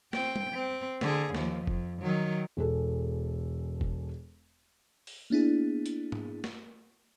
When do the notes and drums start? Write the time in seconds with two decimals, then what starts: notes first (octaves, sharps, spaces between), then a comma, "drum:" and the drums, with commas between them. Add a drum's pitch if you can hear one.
0.13 C4 G5, drum: snare
0.36 drum: tom G3
0.53 C4
1.01 D3 G#4, drum: snare
1.35 D#2 F3, drum: snare
1.67 F2, drum: kick F1
2.02 D#3 F#3
2.57 E1 G#4 A4
3.81 drum: kick F1
5.07 drum: open hi-hat
5.30 A#3 B3 D4 E4 G#4
5.86 drum: hi-hat
6.12 drum: tom G#2
6.44 drum: snare